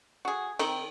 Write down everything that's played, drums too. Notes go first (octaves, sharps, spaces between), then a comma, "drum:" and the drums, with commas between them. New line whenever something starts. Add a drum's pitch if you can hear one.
F#4 G#4
D#3 C4, drum: cymbal